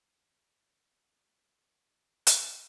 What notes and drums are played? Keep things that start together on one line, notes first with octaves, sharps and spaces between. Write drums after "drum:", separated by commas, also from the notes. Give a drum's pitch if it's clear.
D#2 D#3 F#3 A3 A4 A#5 G#6
drum: hi-hat